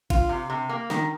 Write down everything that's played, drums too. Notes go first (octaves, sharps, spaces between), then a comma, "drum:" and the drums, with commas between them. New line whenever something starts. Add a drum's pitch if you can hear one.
F4, drum: kick G#1, cymbal
C3
C3
A#3
D#3, drum: snare